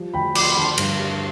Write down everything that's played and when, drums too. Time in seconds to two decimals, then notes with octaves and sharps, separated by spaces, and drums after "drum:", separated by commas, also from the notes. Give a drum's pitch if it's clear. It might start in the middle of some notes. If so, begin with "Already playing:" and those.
Already playing: F3 G3
0.14 D2 G5 B5
0.35 F3 D6, drum: cymbal
0.42 C6
0.50 B5
0.56 D3 A5 C6
0.78 G2, drum: cymbal
0.99 G3